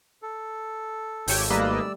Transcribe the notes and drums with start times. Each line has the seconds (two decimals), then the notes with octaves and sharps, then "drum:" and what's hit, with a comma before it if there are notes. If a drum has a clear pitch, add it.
0.22 A4
1.28 G#1 G4 C#5 G5, drum: open hi-hat
1.50 G3 A3 A#3 B4 D5 D#5 E6